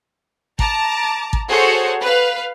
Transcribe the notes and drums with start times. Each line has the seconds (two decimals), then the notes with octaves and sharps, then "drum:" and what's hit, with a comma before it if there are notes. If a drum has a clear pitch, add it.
0.59 A5 A#5 D6, drum: kick
1.33 drum: kick
1.49 F#4 G#4 A4 C5 C#5
2.01 B4 F5